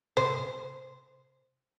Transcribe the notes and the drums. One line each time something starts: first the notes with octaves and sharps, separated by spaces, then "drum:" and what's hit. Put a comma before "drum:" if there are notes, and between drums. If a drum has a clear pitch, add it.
C5, drum: tom C3